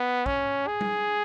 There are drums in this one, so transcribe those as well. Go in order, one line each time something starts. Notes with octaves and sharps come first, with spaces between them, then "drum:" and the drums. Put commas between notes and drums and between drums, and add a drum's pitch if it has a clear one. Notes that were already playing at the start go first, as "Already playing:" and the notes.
Already playing: B3
C#4, drum: kick
G#4
drum: tom G3